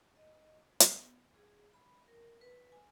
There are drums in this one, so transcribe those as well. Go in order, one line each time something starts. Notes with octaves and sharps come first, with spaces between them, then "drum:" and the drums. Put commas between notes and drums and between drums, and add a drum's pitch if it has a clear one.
D#5
B3, drum: hi-hat
G#4
B5
A#4
B4
G#5